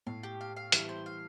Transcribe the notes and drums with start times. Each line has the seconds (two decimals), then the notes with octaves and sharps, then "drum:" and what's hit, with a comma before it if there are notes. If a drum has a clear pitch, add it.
0.07 A2 F5
0.23 G4
0.41 F5
0.56 F5
0.72 E3 G3 E4, drum: hi-hat
0.89 C5
1.06 F5